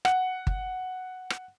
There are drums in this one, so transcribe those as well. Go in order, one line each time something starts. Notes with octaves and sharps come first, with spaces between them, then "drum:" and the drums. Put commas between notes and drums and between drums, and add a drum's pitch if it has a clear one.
F#5, drum: rim click
drum: kick G1
drum: rim click